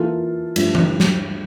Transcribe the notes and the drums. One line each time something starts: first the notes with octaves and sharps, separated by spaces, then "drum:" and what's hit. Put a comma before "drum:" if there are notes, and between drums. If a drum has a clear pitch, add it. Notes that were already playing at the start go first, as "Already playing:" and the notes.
Already playing: E3 A#3 F4 A4
G2 F3 A3, drum: cymbal
drum: tom E3
drum: snare